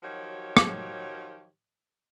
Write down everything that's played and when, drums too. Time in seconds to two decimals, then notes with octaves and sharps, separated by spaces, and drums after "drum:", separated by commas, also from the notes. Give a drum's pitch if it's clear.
0.03 D#3 F3 F#3 F#4 G4 C#5
0.57 drum: rim click